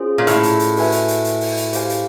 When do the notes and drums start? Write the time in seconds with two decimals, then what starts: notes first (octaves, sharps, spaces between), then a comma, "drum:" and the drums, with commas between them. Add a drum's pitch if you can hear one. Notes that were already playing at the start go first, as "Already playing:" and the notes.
Already playing: C#4 F4 G#4 C5
0.18 A#2
0.27 A2, drum: hi-hat
0.43 drum: hi-hat
0.60 drum: hi-hat
0.76 F#4 B4 E5 G#5, drum: open hi-hat
0.92 drum: hi-hat
1.08 drum: hi-hat
1.24 drum: hi-hat
1.41 drum: open hi-hat
1.57 drum: hi-hat
1.73 G4 C5 F5 G#5, drum: hi-hat
1.89 drum: hi-hat